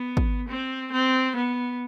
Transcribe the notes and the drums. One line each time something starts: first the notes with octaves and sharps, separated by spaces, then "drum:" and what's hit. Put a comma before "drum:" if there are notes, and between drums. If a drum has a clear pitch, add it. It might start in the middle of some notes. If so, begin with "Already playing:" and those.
Already playing: B3
drum: kick G#1
C4
C4
B3